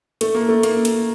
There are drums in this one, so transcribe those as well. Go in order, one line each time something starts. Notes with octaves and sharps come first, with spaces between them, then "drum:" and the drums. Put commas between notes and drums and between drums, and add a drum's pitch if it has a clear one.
A3, drum: hi-hat
A#3
A3
A#3, drum: hi-hat
drum: hi-hat